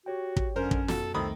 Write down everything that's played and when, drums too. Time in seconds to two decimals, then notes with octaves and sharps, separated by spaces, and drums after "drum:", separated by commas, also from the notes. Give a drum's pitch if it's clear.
0.06 F#4 G4 C#5 G5
0.36 drum: kick
0.56 F#2 D3 C#4 A#4 C5
0.71 drum: kick
0.88 B2 A4, drum: snare
1.14 C2 F2 D#3 A3 C4 A4 B5 D#6